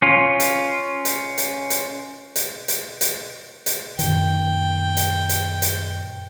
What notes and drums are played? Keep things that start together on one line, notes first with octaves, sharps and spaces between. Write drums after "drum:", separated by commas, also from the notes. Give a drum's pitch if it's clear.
C#4 F4
drum: hi-hat
drum: hi-hat
drum: hi-hat
drum: hi-hat
drum: hi-hat
drum: hi-hat
drum: hi-hat
drum: hi-hat
F#2 A#2 D#3 G5, drum: hi-hat
drum: hi-hat
drum: hi-hat
drum: hi-hat